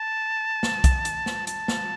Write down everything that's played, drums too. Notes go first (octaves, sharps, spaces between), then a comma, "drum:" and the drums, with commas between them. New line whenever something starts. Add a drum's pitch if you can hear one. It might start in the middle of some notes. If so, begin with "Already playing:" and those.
Already playing: A5
drum: snare
drum: kick B1, hi-hat
drum: hi-hat
drum: snare
A5, drum: hi-hat
drum: snare